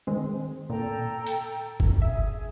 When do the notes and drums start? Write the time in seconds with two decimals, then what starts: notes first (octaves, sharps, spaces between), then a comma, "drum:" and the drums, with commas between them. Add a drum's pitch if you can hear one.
0.07 D#3 G#3 C4
0.70 A#2 A4 G5 A#5
1.27 drum: hi-hat
1.80 drum: kick
2.02 G#4 E5